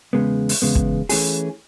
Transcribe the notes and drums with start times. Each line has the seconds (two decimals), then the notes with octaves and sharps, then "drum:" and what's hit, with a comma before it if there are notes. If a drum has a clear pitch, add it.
0.13 E2 C#3 G#3 B3
0.49 drum: open hi-hat
0.62 E2 C#3 G#3 B3
0.75 drum: kick
1.09 E3 A3 C#4 G#4, drum: open hi-hat